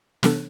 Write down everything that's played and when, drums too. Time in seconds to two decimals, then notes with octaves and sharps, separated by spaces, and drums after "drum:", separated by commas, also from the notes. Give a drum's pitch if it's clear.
0.23 C3 E3 B3 D4 A4, drum: snare